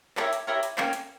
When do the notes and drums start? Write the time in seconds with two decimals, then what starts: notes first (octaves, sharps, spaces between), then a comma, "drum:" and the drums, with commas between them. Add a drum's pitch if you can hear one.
0.17 E4 G4 A#4 C#5, drum: clap
0.33 drum: hi-hat
0.47 E4 G4 A#4 C#5
0.63 drum: hi-hat
0.78 A#3 C#4 G4, drum: clap
0.93 drum: hi-hat